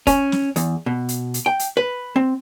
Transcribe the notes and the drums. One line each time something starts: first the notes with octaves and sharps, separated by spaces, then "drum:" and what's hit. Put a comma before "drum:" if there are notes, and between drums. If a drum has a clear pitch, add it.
C#4, drum: kick, hi-hat
drum: snare
E2, drum: hi-hat
B2
drum: hi-hat
drum: hi-hat
G5
drum: hi-hat
B4
C4